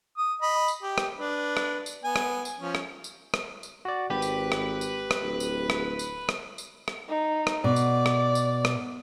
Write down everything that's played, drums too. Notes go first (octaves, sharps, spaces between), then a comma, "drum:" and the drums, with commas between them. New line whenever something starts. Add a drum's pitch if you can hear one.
D#6
D#5 B5
drum: tambourine
G4
drum: rim click
D4 B4
drum: rim click
drum: tambourine
B3 G#5
drum: rim click
drum: tambourine
F3 C#4
drum: rim click
drum: tambourine
drum: rim click
drum: tambourine
F#4 D5
G#1 G4 B4
drum: tambourine
drum: rim click
drum: tambourine
drum: rim click
D1
drum: tambourine
drum: rim click
drum: tambourine
drum: rim click
drum: tambourine
drum: rim click
D#4
drum: rim click
B2 D5
drum: tambourine
drum: rim click
drum: tambourine
drum: rim click